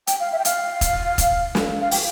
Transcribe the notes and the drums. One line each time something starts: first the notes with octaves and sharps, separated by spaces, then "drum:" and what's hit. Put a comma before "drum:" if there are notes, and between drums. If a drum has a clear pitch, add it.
G5, drum: hi-hat
F5
E5
G5
F5, drum: hi-hat
drum: kick E1, hi-hat
drum: kick E1, hi-hat
drum: snare
F5
G5, drum: open hi-hat